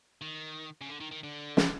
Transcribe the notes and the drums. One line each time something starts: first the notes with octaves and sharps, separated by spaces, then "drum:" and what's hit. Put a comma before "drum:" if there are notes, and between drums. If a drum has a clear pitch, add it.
D#3
C#3
D3
D#3
D#3
D3
drum: snare